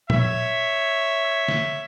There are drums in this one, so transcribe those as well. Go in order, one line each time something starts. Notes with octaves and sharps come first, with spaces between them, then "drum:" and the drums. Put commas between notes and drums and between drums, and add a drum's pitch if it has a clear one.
C#5 E5, drum: tom A#2
drum: snare